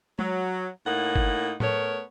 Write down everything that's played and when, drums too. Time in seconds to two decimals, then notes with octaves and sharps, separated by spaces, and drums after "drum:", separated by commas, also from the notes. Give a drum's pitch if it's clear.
0.19 F#3, drum: tom
0.85 A2 A#3 D#4 F#5
1.16 drum: kick G1
1.60 A3 B3 A#4 C#5, drum: tom A2